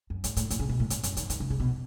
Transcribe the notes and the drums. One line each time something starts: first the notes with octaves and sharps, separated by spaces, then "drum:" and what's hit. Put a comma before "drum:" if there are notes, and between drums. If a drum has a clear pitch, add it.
F#2
G#2, drum: hi-hat
A2, drum: hi-hat
A2, drum: hi-hat
C#3
B2
A2
G#2, drum: hi-hat
F#2, drum: hi-hat
D#3, drum: hi-hat
D#3, drum: hi-hat
C#3
C#3
B2